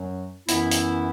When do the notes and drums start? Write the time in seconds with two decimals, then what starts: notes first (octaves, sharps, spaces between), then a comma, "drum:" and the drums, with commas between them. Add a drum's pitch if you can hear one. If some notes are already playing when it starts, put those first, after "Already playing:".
Already playing: F#2 F#3
0.49 F#2 E3 B3 E4, drum: hi-hat
0.71 drum: hi-hat